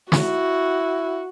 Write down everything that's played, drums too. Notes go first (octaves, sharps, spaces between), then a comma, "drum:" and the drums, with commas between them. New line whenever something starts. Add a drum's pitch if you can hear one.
E4 F#4, drum: snare